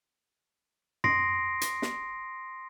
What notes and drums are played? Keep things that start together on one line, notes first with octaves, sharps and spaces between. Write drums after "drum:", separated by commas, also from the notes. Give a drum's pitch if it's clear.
C6 D#6 A#6 C7 D7, drum: tom F#2
drum: hi-hat
drum: snare